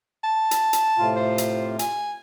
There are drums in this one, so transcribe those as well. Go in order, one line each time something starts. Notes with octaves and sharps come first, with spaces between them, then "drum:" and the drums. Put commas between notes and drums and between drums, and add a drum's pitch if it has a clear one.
A5
drum: hi-hat
drum: hi-hat
A2 C3 F4
C5
drum: hi-hat
G#5, drum: hi-hat